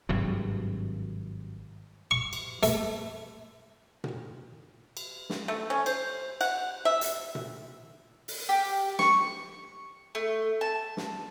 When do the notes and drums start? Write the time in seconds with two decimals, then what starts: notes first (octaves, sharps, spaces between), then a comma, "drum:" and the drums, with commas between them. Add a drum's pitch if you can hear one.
0.09 G#1 G2 C3 F#3
2.11 C#6
2.33 drum: cymbal
2.63 A3, drum: hi-hat
4.04 drum: tom A#2
4.97 drum: cymbal
5.30 drum: snare
5.48 A3
5.70 C#4
5.86 C5, drum: cymbal
6.41 F#5, drum: cymbal
6.85 E5
7.01 drum: hi-hat
7.35 drum: tom A#2
8.28 drum: open hi-hat
8.49 G4
8.99 C#6, drum: snare
10.15 A3
10.61 A5
10.97 drum: snare